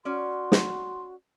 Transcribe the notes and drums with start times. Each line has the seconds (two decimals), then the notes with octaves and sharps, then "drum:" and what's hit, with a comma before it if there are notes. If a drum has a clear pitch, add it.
0.05 C#4 F#4 D5 C6
0.52 drum: snare